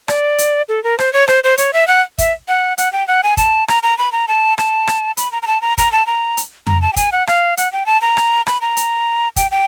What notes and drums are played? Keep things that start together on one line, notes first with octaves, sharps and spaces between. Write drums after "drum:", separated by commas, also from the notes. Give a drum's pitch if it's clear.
D5, drum: rim click
drum: hi-hat
A4
A#4
C5, drum: rim click
C#5
C5, drum: rim click
C5
C#5, drum: hi-hat
E5
F#5
E5, drum: kick, hi-hat
F#5
F#5, drum: hi-hat
G5
F#5
G#5
A5, drum: kick, hi-hat
A#5, drum: rim click
A#5
B5
A#5
A5
A5, drum: rim click
drum: rim click
B5, drum: hi-hat
A#5
A#5
A5
A#5
A#5, drum: kick, hi-hat
A5
A#5
drum: hi-hat
A#5, drum: tom F2
A5
G5
G#5, drum: kick, hi-hat
F#5
F5, drum: rim click
F#5, drum: hi-hat
G5
A5
A#5
drum: rim click
B5, drum: rim click
A#5
drum: hi-hat
G5, drum: kick, hi-hat
G5